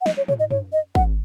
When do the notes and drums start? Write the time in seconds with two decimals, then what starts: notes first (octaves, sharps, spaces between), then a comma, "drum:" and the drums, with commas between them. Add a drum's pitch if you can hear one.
0.01 F#5
0.06 D#5, drum: snare
0.17 C#5
0.28 C#5, drum: tom
0.40 D#5
0.51 C#5, drum: tom
0.73 D#5
0.95 F#5, drum: kick